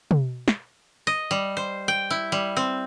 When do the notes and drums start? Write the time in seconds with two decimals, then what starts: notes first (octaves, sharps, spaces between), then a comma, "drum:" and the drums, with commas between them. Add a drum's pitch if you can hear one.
0.11 drum: tom
0.48 drum: snare
1.07 D#5
1.31 G3
1.57 C5
1.88 G5
2.10 E4
2.32 G3
2.57 C4